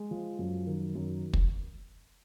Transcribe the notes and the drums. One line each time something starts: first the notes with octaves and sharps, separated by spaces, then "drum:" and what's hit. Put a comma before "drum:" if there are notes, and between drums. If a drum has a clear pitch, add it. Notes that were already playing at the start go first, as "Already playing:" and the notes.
Already playing: G#3
F3
F#2
D#3
F#2
drum: kick